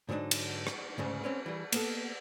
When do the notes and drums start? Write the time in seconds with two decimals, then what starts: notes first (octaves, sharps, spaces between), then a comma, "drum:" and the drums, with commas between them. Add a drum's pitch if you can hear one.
0.09 G#2 D3 F#3 A#3 D4 D#4
0.31 drum: cymbal
0.67 drum: rim click
0.98 D2 G#2 C#3
1.24 C4 C#4 B4
1.46 E3 G3
1.72 A#3 B3 A4, drum: cymbal